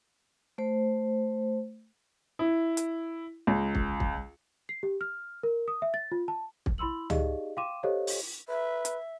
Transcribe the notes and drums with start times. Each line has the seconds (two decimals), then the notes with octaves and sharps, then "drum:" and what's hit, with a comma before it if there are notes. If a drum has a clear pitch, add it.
0.58 A3 C5
2.39 E4
2.77 drum: hi-hat
3.47 C#2
3.75 drum: kick
4.00 drum: kick
4.69 C7
4.83 G4
5.01 F6
5.43 A#4
5.68 D#6
5.82 E5
5.94 A6
6.12 F4
6.28 A5
6.66 drum: kick
6.78 E4 B5 C6 E6 F#7
7.10 D#4 G4 G#4 D5 D#5 F5, drum: tom C#2
7.57 F5 G5 C6 D6 D#7 E7
7.83 G4 A4 C5 C#5 D#5 F5
8.07 drum: open hi-hat
8.49 B4 E5
8.85 drum: hi-hat